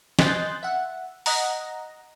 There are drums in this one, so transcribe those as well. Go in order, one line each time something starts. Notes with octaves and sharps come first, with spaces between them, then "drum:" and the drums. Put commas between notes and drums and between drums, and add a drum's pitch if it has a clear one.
D#5 G#5 C6 F#6 G6 A6, drum: snare
E5 F#5
D#5 F#5 A#5, drum: open hi-hat